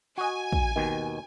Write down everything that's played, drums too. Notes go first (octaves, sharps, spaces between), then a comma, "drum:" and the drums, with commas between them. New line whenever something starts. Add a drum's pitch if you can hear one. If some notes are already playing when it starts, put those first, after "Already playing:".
F#4 D#5 G#5
drum: kick
D#2 B2 D#3